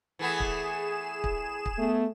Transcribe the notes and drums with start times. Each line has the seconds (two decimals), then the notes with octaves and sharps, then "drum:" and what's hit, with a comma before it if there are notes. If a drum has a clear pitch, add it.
0.19 E3 A3 B3 G#4 E7
0.40 drum: kick
1.24 drum: kick
1.66 drum: kick
1.78 A3 B3